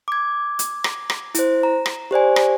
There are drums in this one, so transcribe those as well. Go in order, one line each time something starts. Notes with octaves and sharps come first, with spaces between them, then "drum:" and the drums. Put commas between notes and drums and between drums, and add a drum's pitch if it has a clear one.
D6 G#6
drum: hi-hat
drum: rim click
drum: rim click
E4 C5, drum: hi-hat
A#5
drum: rim click
G4 C5 D5 G#5
drum: rim click